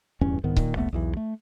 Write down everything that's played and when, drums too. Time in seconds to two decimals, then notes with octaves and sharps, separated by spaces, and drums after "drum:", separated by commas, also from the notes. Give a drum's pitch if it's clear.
0.21 D1 E2 G2 C#4
0.43 C2 G#2 D#3 B3
0.56 A#2 D#3, drum: kick C#1
0.75 E1 C2 A3 B3
0.92 B1 E2 E3
1.17 A3